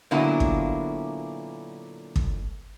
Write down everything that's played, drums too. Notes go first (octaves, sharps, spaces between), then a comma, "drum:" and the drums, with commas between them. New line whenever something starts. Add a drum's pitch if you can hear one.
A#2 D3 F#3 A#3 B3 E4
drum: kick
drum: kick